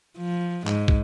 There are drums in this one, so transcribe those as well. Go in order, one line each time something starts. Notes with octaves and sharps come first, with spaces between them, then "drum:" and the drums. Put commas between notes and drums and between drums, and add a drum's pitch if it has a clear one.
F3
G#2, drum: clap
drum: kick